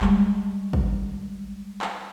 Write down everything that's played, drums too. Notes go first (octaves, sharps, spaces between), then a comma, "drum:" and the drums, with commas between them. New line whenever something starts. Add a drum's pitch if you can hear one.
G3 G#3, drum: clap
drum: kick
drum: clap